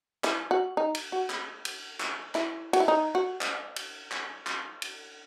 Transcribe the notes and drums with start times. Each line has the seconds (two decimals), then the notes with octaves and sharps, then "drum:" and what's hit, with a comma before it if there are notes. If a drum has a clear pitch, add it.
0.24 E4, drum: clap
0.51 F#4
0.77 D#4
0.95 drum: cymbal
1.12 F#4
1.30 drum: clap
1.65 drum: cymbal
2.00 drum: clap
2.35 E4, drum: clap
2.73 F#4, drum: cymbal
2.80 E4
2.88 D#4
3.15 F#4
3.41 drum: clap
3.76 drum: cymbal
4.11 drum: clap
4.47 drum: clap
4.82 drum: cymbal